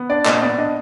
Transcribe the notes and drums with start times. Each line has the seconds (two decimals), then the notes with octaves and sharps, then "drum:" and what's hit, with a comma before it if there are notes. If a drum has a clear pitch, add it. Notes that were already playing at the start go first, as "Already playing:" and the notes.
Already playing: B3
0.10 D4 D5
0.26 A#2 D#5, drum: clap
0.42 B3 D5
0.58 D4 D#5